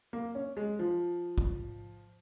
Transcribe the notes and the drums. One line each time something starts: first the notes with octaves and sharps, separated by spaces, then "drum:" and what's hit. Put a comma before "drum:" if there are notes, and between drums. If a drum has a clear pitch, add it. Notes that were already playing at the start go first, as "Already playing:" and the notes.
A#3
C#4
G#3
F3
drum: kick